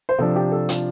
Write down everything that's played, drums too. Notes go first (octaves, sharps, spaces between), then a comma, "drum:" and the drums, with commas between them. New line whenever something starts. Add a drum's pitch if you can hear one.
C5
C3 F3 D4 A4
G4
A4
F4, drum: hi-hat